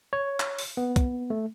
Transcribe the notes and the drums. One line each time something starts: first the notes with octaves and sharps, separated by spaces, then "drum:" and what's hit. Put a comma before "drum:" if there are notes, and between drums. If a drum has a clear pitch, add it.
C#5
drum: clap
drum: open hi-hat
B3
drum: kick, hi-hat
A3